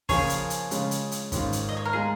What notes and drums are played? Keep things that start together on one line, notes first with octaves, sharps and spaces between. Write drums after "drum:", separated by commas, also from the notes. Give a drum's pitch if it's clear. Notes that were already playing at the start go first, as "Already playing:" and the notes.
C#3 F3 A#3 C#4 F4 G#4 C#5, drum: kick, open hi-hat
drum: hi-hat
drum: hi-hat
C#3 G#3 C#4 F4, drum: hi-hat
drum: hi-hat
drum: hi-hat
G#2 D#3 A#3 C#4 F4, drum: kick, hi-hat
drum: hi-hat
D#5
C#5
A#4
G#3 F4 G#4